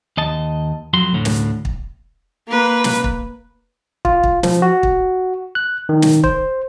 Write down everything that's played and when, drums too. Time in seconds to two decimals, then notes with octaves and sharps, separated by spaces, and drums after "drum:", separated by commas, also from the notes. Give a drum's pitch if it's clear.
0.17 D#2 D#5 A5
0.93 F2 F#3 C6
1.13 D2 A2 D3
1.25 drum: snare
1.65 drum: kick
2.48 A#3 B4
2.84 drum: snare
3.04 drum: kick
4.05 F4, drum: kick
4.23 drum: kick
4.43 F3, drum: snare
4.62 F#4
4.83 drum: kick
5.55 F#6
5.89 D#3
6.02 drum: snare
6.24 C5, drum: kick